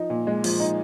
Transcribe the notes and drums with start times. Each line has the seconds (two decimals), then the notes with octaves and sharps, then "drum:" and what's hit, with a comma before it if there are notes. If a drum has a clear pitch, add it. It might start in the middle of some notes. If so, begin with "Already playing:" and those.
Already playing: F3 D#4
0.10 A#2
0.27 G#3
0.44 F3, drum: open hi-hat
0.60 D#4